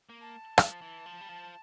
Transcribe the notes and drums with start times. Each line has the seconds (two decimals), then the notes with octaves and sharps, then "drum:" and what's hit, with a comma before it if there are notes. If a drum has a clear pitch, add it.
0.09 A#3
0.21 A5
0.58 F3, drum: rim click
0.82 E3
1.06 F3
1.21 G3
1.29 F3